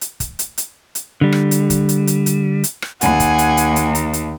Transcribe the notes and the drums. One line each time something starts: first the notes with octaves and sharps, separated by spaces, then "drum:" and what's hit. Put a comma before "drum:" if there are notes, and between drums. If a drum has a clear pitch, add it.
drum: hi-hat
drum: kick, hi-hat
drum: hi-hat
drum: hi-hat
drum: hi-hat
D3 G3
drum: rim click
drum: hi-hat
drum: kick, hi-hat
drum: hi-hat
drum: hi-hat
drum: hi-hat
drum: hi-hat
drum: rim click
D#2 F#5 G#5, drum: hi-hat
drum: kick, hi-hat
drum: hi-hat
drum: hi-hat
drum: hi-hat
drum: hi-hat
drum: hi-hat